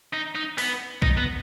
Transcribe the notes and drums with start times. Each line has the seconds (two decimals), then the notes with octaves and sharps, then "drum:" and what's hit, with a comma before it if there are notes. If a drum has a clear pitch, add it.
0.14 D#4
0.35 D#4
0.58 B3, drum: open hi-hat
1.02 D#4, drum: kick A#1
1.17 B3